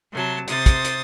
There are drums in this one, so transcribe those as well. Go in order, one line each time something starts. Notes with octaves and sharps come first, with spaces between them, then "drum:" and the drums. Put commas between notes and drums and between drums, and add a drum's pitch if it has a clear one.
C3 F#3 A5
C3 C5 D#6 A6, drum: hi-hat
drum: kick, hi-hat
drum: hi-hat